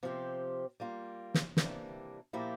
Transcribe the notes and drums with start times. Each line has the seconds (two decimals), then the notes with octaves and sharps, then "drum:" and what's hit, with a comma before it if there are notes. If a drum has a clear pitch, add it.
0.03 C3 F3 C4 G4
0.80 G3 A#3 F4
1.34 drum: snare
1.57 C3 E3 G3 A#3 D4, drum: snare
2.33 A#2 F3 A#3 E4 G4